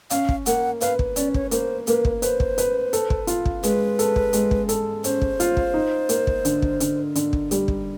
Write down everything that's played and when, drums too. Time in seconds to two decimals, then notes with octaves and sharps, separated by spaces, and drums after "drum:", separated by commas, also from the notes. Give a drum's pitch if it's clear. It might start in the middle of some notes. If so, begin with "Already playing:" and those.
0.10 C#4 F5, drum: hi-hat
0.29 drum: kick
0.46 A#3 F#5, drum: hi-hat
0.81 B4 F5, drum: hi-hat
0.99 drum: kick
1.16 C#4 D5, drum: hi-hat
1.34 C#5, drum: kick
1.51 A#3 C5, drum: hi-hat
1.87 A#3 B4, drum: hi-hat
2.05 drum: kick
2.22 B4 C5, drum: hi-hat
2.40 drum: kick
2.58 B4, drum: hi-hat
2.93 A4, drum: hi-hat
3.10 drum: kick
3.27 F4, drum: hi-hat
3.45 drum: kick
3.63 G#3 B4, drum: hi-hat
3.99 A4, drum: hi-hat
4.16 drum: kick
4.33 G#3, drum: hi-hat
4.51 drum: kick
4.69 A4, drum: hi-hat
5.04 C#4 C5, drum: hi-hat
5.22 drum: kick
5.40 F4, drum: hi-hat
5.57 drum: kick
5.74 D#4
6.09 A#3, drum: hi-hat
6.27 drum: kick
6.45 D3, drum: hi-hat
6.62 drum: kick
6.80 D3, drum: hi-hat
7.15 D3, drum: hi-hat
7.33 drum: kick
7.51 G3, drum: hi-hat
7.68 drum: kick